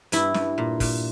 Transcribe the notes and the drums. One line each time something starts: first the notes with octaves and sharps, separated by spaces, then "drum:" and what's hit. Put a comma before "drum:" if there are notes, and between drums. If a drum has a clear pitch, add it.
G2 E4, drum: hi-hat
G2, drum: snare
A#2
A#2, drum: kick, open hi-hat